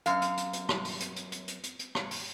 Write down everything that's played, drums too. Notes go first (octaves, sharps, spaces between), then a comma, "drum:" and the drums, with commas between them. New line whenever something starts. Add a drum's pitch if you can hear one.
F#2 F5, drum: hi-hat
drum: hi-hat
drum: hi-hat
drum: hi-hat
drum: rim click
drum: open hi-hat
drum: hi-hat
drum: hi-hat
drum: hi-hat
drum: hi-hat
drum: hi-hat
drum: hi-hat
drum: rim click
drum: open hi-hat